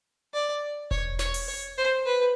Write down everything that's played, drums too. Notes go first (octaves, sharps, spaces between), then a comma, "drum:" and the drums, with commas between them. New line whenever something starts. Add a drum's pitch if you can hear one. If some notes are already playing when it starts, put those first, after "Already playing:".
D5
C#5, drum: kick E1
C#5, drum: snare
drum: open hi-hat
C#5
C5
B4